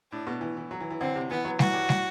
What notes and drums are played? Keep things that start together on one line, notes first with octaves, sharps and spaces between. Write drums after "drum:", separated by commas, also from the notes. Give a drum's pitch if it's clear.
A2 D4
B2
E3
E3
F#3
E3
E3
D3 C4
C3
E3 B3
F#3
E3 F#4, drum: snare
G2
drum: snare